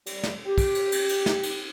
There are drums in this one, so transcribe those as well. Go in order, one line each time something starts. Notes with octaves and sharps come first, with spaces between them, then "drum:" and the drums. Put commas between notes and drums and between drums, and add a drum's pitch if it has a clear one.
G3, drum: cymbal
drum: snare
G4
drum: kick, cymbal
drum: cymbal
drum: cymbal
drum: cymbal
drum: snare
drum: cymbal